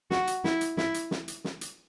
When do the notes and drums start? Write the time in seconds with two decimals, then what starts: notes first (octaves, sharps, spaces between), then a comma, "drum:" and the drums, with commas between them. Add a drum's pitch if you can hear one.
0.11 F#4, drum: snare
0.27 drum: hi-hat
0.44 E4, drum: snare
0.61 drum: hi-hat
0.77 E4, drum: snare
0.94 drum: hi-hat
1.11 drum: snare
1.28 drum: hi-hat
1.44 drum: snare
1.61 drum: hi-hat